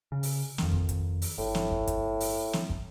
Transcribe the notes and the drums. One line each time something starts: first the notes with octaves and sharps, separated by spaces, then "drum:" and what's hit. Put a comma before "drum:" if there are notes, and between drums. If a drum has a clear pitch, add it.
C#3
drum: open hi-hat
F2 D#3, drum: snare
drum: kick
drum: kick, hi-hat
drum: open hi-hat
G1 A2
drum: snare
drum: kick
drum: kick, hi-hat
drum: open hi-hat
drum: snare
drum: kick